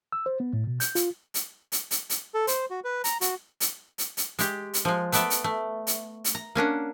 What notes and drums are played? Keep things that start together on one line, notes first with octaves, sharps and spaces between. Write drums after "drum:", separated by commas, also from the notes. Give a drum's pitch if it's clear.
E6
C5
B3
A2
B2
G6, drum: hi-hat
F4, drum: hi-hat
drum: hi-hat
drum: hi-hat
drum: hi-hat
drum: hi-hat
A4
C5, drum: hi-hat
F#4
B4
A#5, drum: hi-hat
F#4, drum: hi-hat
drum: hi-hat
drum: hi-hat
drum: hi-hat
G#3 G4, drum: hi-hat
drum: hi-hat
F3 G#3
A3 B3 A4 D5 E5, drum: hi-hat
drum: hi-hat
A3
drum: hi-hat
drum: hi-hat
A#5
A#3 C#4 D4 F#5